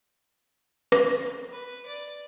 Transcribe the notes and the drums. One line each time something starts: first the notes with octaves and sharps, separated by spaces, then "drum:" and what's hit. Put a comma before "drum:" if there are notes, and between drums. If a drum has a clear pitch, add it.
drum: rim click
B4
D5